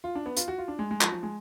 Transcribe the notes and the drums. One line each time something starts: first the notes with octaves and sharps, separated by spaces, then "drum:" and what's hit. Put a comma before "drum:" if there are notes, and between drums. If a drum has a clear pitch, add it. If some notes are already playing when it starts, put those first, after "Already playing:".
F4
D4
B3
F4, drum: hi-hat
F#4
F4
D4
G#3
G#3
F3, drum: clap
F3
G#3